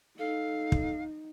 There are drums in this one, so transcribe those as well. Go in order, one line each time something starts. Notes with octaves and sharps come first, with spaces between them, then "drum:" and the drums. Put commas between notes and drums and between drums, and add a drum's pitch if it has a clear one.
D#4 A4 F5
drum: kick